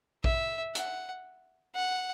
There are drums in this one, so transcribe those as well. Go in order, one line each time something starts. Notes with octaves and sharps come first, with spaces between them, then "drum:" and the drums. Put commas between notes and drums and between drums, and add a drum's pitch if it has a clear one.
E5, drum: kick A#1
F#5, drum: hi-hat
F#5